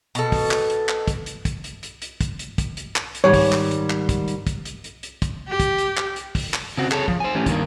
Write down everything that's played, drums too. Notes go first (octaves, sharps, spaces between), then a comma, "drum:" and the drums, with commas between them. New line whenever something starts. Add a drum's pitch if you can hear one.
B2 A4, drum: hi-hat
drum: kick, open hi-hat
drum: clap
drum: hi-hat
drum: clap
drum: kick, hi-hat
drum: hi-hat
drum: kick, hi-hat
drum: hi-hat
drum: hi-hat
drum: hi-hat
drum: kick, hi-hat
drum: hi-hat
drum: kick, hi-hat
drum: hi-hat
drum: clap
drum: hi-hat
G#2 D#3 G3 C#5
drum: kick, open hi-hat
drum: clap
drum: hi-hat
drum: clap
drum: kick, hi-hat
drum: hi-hat
drum: kick, hi-hat
drum: hi-hat
drum: hi-hat
drum: hi-hat
drum: kick, hi-hat
G4
drum: kick, hi-hat
drum: hi-hat
drum: clap
drum: hi-hat
drum: kick, open hi-hat
drum: clap
C#3 C4 F#4
G#4 A4 C#5, drum: clap
F3, drum: kick
C5 G#5
E3 A3 C#4 G4
G2 D#3 A#3, drum: kick, hi-hat